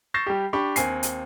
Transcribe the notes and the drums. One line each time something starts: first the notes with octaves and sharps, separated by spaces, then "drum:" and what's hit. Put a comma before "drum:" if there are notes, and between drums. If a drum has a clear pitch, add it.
C#6 G6 A6 A#6 C7 E7
G3 G4
D4 G4 B5 C#6
D#2 C4 G#5 C7, drum: hi-hat
drum: hi-hat